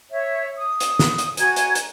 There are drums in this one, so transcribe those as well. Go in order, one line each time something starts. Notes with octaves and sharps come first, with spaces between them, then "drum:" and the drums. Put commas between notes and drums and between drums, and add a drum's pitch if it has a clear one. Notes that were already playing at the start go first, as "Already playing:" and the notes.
C#5 E5
D#6
drum: hi-hat
drum: snare
drum: hi-hat
F#4 G#5 A#5 G#6, drum: hi-hat
drum: hi-hat
drum: hi-hat